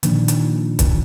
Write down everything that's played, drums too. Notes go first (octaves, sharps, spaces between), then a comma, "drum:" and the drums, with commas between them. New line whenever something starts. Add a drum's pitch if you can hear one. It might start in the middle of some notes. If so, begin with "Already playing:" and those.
A#2 D#3 F3 D4, drum: hi-hat
drum: hi-hat
drum: kick, hi-hat